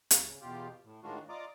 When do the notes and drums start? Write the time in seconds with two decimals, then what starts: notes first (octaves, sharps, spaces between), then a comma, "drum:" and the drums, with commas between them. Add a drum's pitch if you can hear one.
0.11 drum: hi-hat
0.22 C#3
0.41 E2 B2 F4 G4
0.84 A2
1.03 A2 D#3 G#3 D4 F4 F#4
1.29 F4 D5 D#5 A#5 D6